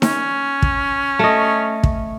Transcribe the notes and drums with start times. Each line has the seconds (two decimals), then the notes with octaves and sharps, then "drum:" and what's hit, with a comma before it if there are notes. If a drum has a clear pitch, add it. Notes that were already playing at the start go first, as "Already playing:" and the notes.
0.02 C#4, drum: snare D#4
0.62 drum: kick
1.19 A3 D#5
1.83 drum: kick